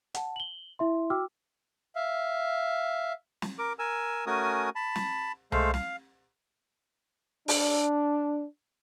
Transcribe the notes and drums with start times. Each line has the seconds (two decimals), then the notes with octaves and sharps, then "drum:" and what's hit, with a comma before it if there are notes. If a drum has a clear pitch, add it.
0.15 F#5 A5, drum: hi-hat
0.36 F#7 G7
0.79 E4 E5 C6
1.10 F#4 G5 D6 E6 F6
1.96 E5 F5
3.42 drum: snare
3.59 A#4 D6
3.79 A#4 G#5 E6
4.27 A3 C#4 F#4 A#4 G#5 D#6
4.75 A5 B5
4.95 drum: snare
5.52 G#3 A3 A4 C5 F5, drum: tom C2
5.74 F5, drum: snare
7.48 D4, drum: open hi-hat